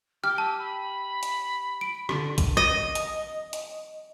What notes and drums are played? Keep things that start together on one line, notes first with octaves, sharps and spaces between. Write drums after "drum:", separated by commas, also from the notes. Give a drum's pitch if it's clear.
G4 D6 F6
A5 E6
B5
drum: hi-hat
D7
D3, drum: rim click
drum: kick A1, hi-hat
D#5
drum: hi-hat
drum: hi-hat